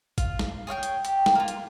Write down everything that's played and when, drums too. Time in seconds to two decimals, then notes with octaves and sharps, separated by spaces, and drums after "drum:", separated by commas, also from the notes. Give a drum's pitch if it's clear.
0.18 F4, drum: kick G#1, hi-hat
0.39 drum: snare
0.67 G#4 C#5 F5 G5
0.83 drum: hi-hat
1.05 G4, drum: hi-hat
1.26 drum: snare
1.35 A#3 F4
1.48 drum: hi-hat